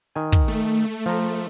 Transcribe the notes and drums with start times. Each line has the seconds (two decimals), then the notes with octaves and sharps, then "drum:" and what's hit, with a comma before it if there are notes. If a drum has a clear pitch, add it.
0.16 D#3 G#5
0.32 drum: kick
0.48 A3
1.06 F3 A#5